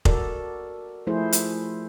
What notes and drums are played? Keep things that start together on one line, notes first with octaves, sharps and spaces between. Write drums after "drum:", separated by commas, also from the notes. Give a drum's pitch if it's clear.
F#4 A4 A#4 D5, drum: kick F1
F3 A3 E4 G#4 C5
drum: hi-hat